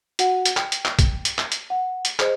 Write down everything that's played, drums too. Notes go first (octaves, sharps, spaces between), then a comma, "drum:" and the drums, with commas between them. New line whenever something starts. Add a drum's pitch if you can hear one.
F#4 F#5, drum: hi-hat
drum: hi-hat
G5, drum: clap
drum: hi-hat
drum: clap
drum: kick, hi-hat
drum: hi-hat
drum: clap
drum: hi-hat
F#5
drum: hi-hat
G#4 C5 D#5, drum: clap